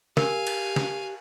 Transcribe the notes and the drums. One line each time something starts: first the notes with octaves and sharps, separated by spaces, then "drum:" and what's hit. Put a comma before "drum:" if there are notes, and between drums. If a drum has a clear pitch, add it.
G4 A#4 F5 G#5, drum: snare
drum: cymbal
drum: snare